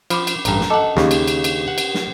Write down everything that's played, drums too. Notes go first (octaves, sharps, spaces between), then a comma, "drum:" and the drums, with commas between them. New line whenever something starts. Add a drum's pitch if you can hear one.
F3 B5 D6, drum: cymbal
drum: cymbal
A1 G2 A#5, drum: cymbal
drum: snare
A4 D#5 F#5 A5 D6
D#2 C#3 G4 D6, drum: snare
drum: cymbal
drum: cymbal
drum: cymbal
F#5
drum: cymbal
drum: snare